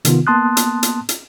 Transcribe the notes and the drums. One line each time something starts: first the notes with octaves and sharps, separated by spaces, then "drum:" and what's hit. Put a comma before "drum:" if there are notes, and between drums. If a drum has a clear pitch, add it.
C3 D#3 B3 F4, drum: hi-hat
A#3 B3 A5 C6 D#6 F#6
drum: hi-hat
drum: hi-hat
drum: hi-hat